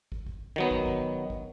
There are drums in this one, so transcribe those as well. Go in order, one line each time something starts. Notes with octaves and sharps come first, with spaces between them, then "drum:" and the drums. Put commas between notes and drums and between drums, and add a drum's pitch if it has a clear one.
drum: kick
drum: kick
D#3 F#3 B3
drum: kick
drum: kick
drum: kick